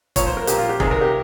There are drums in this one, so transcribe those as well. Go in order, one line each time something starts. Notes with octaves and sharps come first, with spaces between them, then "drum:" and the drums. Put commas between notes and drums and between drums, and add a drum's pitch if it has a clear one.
A#2 F3 C#5, drum: kick, hi-hat
C5
A#4
A#2 F3 G4, drum: hi-hat
F4
G4
C3 D#3 G#4, drum: kick
A#4
G4